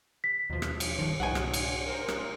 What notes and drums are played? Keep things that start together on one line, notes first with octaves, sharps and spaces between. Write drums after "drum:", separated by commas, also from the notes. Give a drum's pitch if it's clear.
B6
D#2 B2 F3
drum: rim click
drum: cymbal
G1 D#3 F3
C2 G#2 B2 F#3 F#5 G#5
drum: rim click
drum: cymbal
A#4 C5
drum: rim click